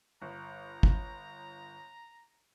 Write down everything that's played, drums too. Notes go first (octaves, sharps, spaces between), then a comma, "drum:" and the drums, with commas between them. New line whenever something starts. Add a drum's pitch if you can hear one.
G1 A#5
drum: kick